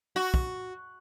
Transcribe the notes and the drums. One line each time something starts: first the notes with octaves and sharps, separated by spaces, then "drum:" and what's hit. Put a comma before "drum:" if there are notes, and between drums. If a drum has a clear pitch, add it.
F#4
drum: kick